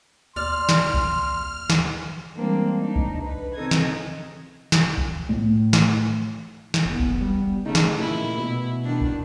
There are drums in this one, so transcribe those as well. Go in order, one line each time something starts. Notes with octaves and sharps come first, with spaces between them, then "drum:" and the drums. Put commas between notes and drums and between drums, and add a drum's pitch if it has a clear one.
D#2 D5 C6 F6
drum: snare
drum: kick C2
drum: snare
E3 G3 G#3 A#3 C4 D4
D4 D#4
drum: kick C2
B4
C#3 C4 D#4 A4 D#6 G#6
drum: snare
drum: snare
drum: kick C2
A2
drum: snare
drum: snare
F#1 B3
drum: kick C2
G3
C#3 A3 D#4
drum: snare
A#2 E4
B2
D#3 D4
drum: kick C2